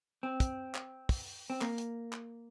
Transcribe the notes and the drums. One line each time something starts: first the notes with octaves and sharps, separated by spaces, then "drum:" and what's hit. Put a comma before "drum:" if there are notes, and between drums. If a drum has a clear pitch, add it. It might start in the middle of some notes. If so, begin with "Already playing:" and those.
C4
drum: kick, hi-hat
drum: clap
drum: kick, open hi-hat
C4
A#3, drum: clap
drum: hi-hat
drum: clap